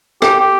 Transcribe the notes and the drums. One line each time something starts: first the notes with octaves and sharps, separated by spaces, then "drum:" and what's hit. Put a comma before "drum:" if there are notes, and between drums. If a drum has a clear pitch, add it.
G4, drum: rim click
G4